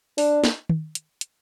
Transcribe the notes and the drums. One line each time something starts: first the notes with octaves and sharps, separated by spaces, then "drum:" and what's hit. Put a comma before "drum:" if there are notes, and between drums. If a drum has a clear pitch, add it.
D4, drum: open hi-hat
drum: snare
drum: tom
drum: hi-hat
drum: hi-hat